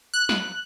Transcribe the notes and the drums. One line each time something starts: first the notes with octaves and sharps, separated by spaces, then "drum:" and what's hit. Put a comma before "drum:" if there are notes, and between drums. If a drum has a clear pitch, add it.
F#6
drum: snare